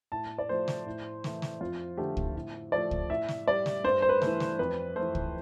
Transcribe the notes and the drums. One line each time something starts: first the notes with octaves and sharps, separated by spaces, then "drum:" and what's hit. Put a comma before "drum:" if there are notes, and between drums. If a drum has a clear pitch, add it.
A2 A5
D5
F3 A3 C5
drum: snare
A2
E3 A3, drum: snare
drum: snare
F2 F4
D3 F3 A3 G4
drum: kick
A2
F3 A3 D5
drum: kick
A2 E5
drum: snare
G3 D5
drum: snare
G2 C5
C5
B4
E3 A3, drum: snare
drum: snare
F2 B4
E3 A3 C5
drum: kick